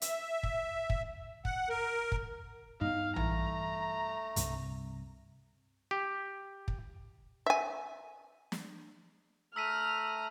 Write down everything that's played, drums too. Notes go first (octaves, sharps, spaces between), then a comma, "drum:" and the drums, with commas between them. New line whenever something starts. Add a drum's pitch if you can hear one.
E5, drum: hi-hat
drum: kick
drum: kick
F#5, drum: kick
A#4
drum: kick
G2 B3 D#4 F5
E3 A3 A#5, drum: tom A#1
C2 G2 C3, drum: hi-hat
G4
drum: kick
E5 G#5
drum: snare
A3 A#5 E6 F6 B6 D#7